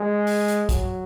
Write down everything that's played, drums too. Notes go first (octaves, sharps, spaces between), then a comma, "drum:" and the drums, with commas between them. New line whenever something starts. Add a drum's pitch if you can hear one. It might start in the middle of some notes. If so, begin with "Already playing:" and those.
Already playing: G#3
drum: open hi-hat
drum: hi-hat
F#3, drum: kick, hi-hat